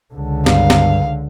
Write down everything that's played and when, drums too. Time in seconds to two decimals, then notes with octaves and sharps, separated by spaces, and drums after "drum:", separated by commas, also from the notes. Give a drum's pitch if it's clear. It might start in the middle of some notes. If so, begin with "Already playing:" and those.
0.14 C#2 D3
0.46 G2 F5, drum: snare
0.70 drum: snare